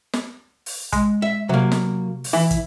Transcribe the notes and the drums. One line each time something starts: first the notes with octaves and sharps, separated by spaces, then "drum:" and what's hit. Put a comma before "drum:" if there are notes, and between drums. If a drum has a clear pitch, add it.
drum: snare
drum: open hi-hat
G#3, drum: kick, hi-hat
E5
C3 F#3 A#3
drum: snare
drum: open hi-hat
E3 E4
drum: kick, hi-hat